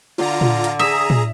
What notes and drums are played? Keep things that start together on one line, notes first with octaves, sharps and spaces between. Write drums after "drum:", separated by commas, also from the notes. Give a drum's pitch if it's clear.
D3 F4 A#5
drum: tom
drum: hi-hat
G#4 E5 A#5 D#6
drum: tom